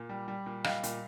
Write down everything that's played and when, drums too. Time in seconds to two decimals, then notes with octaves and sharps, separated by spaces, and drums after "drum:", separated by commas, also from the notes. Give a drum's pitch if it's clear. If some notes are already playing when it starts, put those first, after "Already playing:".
Already playing: A#2
0.09 G3
0.28 G3
0.46 A#2
0.64 G3 D#5 F5, drum: rim click
0.83 A#2, drum: hi-hat